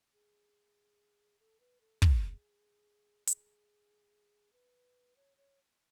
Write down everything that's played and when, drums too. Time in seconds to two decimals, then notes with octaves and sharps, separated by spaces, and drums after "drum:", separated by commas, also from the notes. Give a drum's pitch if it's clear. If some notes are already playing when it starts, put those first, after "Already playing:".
0.13 G#4
1.40 A4
1.60 B4
1.81 A4
2.02 G#4, drum: kick
3.27 G#4, drum: hi-hat
4.53 B4
5.16 C#5
5.37 C#5